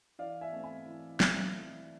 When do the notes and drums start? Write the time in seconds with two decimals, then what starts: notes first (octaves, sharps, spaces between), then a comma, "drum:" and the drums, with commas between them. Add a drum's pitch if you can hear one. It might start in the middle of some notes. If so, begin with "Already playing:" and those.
0.19 E3 D5 F5
0.41 E5 G#5
0.53 A3 C4
0.63 G#5 B5
0.86 E3
1.20 A3 C4, drum: snare
1.54 E3